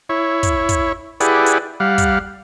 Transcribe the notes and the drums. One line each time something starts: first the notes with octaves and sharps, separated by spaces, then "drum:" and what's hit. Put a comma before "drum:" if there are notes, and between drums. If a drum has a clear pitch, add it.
E4 C#5
drum: kick, hi-hat
drum: kick, hi-hat
E4 G4 G#4 B4 D5 F#5, drum: hi-hat
drum: hi-hat
G3 F5 F#5
drum: kick, hi-hat